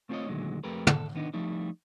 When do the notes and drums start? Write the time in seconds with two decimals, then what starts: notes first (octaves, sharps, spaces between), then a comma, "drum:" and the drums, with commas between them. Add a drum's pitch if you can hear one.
0.09 A3 C4 F4 G#4 C#5 D#5
0.28 D2 A#2 D3 D#3 F#3 G#3
0.64 F2 A3 G4 A#4 B4
0.87 A4, drum: tom
1.15 D#3 B3 D4 D#4
1.34 F3 G3 A3 D#4 E4